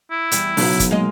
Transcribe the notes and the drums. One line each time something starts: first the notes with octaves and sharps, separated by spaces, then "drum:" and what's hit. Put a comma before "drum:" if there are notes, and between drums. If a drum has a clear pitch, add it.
E4
E2 G3, drum: hi-hat
B1 C#3 F#3 B3, drum: open hi-hat
drum: kick, hi-hat
G#3 A#3 D#5